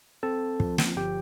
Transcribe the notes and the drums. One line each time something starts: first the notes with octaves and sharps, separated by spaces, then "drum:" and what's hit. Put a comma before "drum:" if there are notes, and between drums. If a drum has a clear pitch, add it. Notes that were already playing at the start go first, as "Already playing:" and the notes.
C4 A4 A5
F3, drum: kick
drum: snare
G1 G4 G5